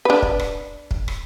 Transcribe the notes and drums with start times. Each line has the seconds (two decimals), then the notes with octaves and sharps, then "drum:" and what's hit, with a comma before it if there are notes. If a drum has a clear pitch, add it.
0.05 D4 B4
0.22 drum: kick
0.39 drum: rim click
0.91 drum: kick
1.08 drum: rim click